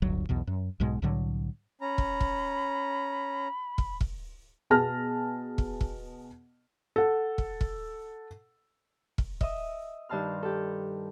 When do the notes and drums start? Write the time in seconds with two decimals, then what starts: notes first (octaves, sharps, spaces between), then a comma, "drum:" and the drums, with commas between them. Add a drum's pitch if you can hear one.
0.02 D1 G1 D2 F#3
0.29 B1 E2 B2
0.47 F#2
0.80 B1 G#2 B2 G#3
1.02 C2 A2 D3 F#3
1.81 C#4 A#5 B5
1.98 drum: kick
2.21 drum: kick
3.78 drum: kick
4.01 drum: kick
4.70 B2 B3 G#4 A5 F6 A#6
5.58 drum: kick
5.81 drum: kick
6.96 A4 F#5
7.38 drum: kick
7.61 drum: kick
9.18 drum: kick
9.41 D#5 E5 D#6, drum: kick
10.09 G2 D#3 A5 C6 F6
10.43 G4 A4